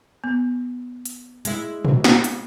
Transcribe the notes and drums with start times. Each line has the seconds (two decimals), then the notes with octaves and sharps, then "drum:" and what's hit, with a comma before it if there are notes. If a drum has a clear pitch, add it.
0.24 B3
1.05 drum: hi-hat
1.45 G#3 E4, drum: hi-hat
1.85 drum: tom
2.04 drum: snare
2.24 drum: hi-hat